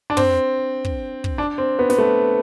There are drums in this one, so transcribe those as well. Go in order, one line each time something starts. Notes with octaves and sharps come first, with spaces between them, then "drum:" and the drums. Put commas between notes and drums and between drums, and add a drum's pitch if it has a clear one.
D4
C4, drum: tom
drum: kick
drum: kick
D4
C4
B3
B3, drum: snare
A3